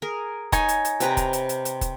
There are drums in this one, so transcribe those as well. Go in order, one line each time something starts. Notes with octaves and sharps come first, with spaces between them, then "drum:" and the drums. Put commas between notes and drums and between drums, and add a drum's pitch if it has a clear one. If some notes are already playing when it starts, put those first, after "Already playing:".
G#4 A#4
D#4 C#5 G#5, drum: kick, hi-hat
drum: hi-hat
drum: hi-hat
C3 B4 A#5, drum: hi-hat
drum: kick, hi-hat
drum: hi-hat
drum: hi-hat
drum: hi-hat
drum: kick, hi-hat